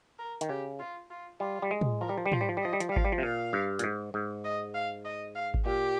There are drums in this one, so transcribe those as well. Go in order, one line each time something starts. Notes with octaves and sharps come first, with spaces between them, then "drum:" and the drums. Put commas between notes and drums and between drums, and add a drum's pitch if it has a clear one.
A#4
D#3, drum: hi-hat
C#3 G4
F4
F4
G3 F4
G3
G#3
drum: tom
F3 A#4
G3
F3
G3
F3 C5, drum: tom
G3
F3
G3
F3 D#5
G3
F3, drum: hi-hat
G3
F5
F3, drum: kick G#1
G3
F3
C3
A#2 F5
G2
A#2, drum: hi-hat
G#2
G#2
D#5
F5
D#5
F5
drum: kick G#1
A#2 G4